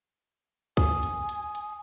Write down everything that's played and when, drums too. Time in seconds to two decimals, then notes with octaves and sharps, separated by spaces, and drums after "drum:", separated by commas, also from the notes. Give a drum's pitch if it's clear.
0.77 G#5 D#6, drum: kick, hi-hat
1.03 drum: hi-hat
1.29 drum: hi-hat
1.55 drum: hi-hat